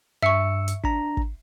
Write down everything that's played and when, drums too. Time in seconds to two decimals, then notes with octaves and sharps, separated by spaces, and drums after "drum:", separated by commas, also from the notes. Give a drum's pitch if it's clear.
0.23 G2 E5 C#6 E6 C#7
0.68 drum: hi-hat
0.84 D4 A#5, drum: kick
1.17 drum: kick